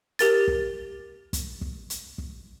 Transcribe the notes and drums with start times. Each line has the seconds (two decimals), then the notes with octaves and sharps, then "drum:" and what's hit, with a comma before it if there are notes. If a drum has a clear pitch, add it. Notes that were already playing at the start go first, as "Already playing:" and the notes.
0.19 G4 A#4 A6, drum: hi-hat
0.48 drum: kick
1.33 drum: kick, hi-hat
1.61 drum: kick
1.90 drum: hi-hat
2.18 drum: kick